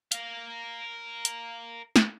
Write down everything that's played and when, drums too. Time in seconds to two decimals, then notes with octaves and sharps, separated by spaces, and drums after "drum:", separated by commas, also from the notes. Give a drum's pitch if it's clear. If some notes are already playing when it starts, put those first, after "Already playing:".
0.12 A#4 F5, drum: hi-hat
1.25 drum: hi-hat
1.96 drum: snare